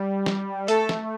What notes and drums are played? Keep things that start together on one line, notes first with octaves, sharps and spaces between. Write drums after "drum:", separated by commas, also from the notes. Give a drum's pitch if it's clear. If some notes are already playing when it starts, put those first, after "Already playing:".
Already playing: G3
drum: snare
A3 A4, drum: hi-hat
drum: snare